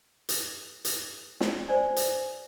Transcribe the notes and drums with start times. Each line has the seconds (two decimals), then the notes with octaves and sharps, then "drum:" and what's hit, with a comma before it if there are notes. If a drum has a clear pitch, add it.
0.29 drum: hi-hat
0.85 drum: hi-hat
1.40 drum: snare
1.68 C5 D5 G#5
1.96 drum: hi-hat